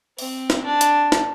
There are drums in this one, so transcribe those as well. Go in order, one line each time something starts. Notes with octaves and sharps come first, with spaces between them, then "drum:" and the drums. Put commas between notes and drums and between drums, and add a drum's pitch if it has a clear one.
C4, drum: open hi-hat
drum: snare
D4
drum: hi-hat
drum: snare